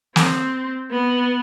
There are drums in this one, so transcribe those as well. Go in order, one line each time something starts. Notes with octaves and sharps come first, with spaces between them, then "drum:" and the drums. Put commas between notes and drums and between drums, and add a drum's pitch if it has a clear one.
C4, drum: snare
B3